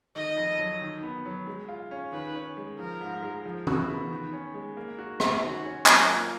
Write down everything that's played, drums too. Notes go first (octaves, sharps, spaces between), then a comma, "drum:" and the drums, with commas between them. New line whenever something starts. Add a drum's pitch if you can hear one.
D#3 D#5
F2
F#3
D#3
B3
F#3
G#3
F4
C#4
D#3 B4
C#4
G#3
F3 A#4
G#2
G#3
F3
F#4, drum: tom
B3
D#3
C#4
G#3
A#3
F#4
C#4, drum: rim click
D#3 F#4
C#4
F#3, drum: clap
A#3 F4